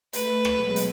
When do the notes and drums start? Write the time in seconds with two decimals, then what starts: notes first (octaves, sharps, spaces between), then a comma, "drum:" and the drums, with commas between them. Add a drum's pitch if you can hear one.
0.13 A3 B4, drum: hi-hat
0.45 drum: rim click
0.54 B2 F#3 G#3
0.76 drum: hi-hat